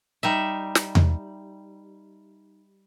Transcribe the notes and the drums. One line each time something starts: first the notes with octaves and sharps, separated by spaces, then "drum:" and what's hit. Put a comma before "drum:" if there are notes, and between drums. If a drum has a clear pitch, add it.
G3 D#4 E5
drum: snare
drum: tom E2